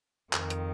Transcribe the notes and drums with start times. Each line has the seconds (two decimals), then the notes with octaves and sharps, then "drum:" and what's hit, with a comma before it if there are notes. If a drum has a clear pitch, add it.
0.33 F2 D#3, drum: clap
0.50 drum: hi-hat